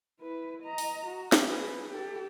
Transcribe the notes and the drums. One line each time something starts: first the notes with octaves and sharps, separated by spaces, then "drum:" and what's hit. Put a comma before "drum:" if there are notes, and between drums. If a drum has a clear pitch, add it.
E4 B4
D#5 A#5
drum: open hi-hat
F#4
drum: snare
G#4 B4
G4 A4